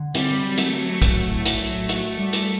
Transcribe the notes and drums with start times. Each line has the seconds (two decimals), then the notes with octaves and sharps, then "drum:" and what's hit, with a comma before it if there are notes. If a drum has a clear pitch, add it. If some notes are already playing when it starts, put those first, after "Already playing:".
Already playing: D3
0.14 G3 C4, drum: hi-hat
0.44 F#3
0.57 A3, drum: hi-hat
0.72 F#3
1.02 F#4, drum: kick, hi-hat
1.31 A2
1.45 drum: hi-hat
1.60 F#3
1.89 F#4, drum: hi-hat
2.18 G3
2.33 drum: hi-hat